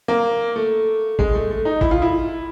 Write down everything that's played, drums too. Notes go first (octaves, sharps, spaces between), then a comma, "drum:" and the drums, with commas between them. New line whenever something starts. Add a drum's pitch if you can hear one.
A#3
A3
G#3, drum: kick A1
A3
A3
D#4
E4, drum: kick A1
F4
E4